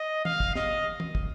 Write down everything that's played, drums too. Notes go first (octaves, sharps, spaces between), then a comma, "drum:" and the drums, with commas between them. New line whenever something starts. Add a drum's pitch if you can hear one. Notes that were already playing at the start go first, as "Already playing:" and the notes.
Already playing: D#5
F5, drum: tom E3
drum: kick
D#5, drum: snare
drum: tom E3
drum: kick